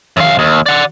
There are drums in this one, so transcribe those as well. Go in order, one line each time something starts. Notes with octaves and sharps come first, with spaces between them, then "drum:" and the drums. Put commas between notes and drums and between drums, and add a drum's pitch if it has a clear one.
F#2 F5, drum: tom D#3
D#2
D5 F#5